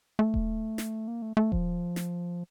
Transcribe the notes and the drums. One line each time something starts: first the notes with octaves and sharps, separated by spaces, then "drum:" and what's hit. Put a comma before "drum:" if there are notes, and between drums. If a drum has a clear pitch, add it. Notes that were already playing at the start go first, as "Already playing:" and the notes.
A3
drum: kick D#1
drum: snare
A#3
A3
A3
F3, drum: kick D#1
drum: snare